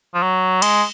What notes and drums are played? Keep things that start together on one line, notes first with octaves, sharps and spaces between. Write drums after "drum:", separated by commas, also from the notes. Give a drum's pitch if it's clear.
F3
F#3
G#3, drum: cymbal